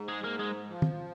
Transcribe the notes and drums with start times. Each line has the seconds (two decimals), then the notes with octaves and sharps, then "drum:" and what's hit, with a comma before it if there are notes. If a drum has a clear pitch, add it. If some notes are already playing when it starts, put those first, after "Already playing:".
Already playing: G#2
0.09 G#3
0.24 A#3
0.39 G#3
0.69 F3
0.82 drum: tom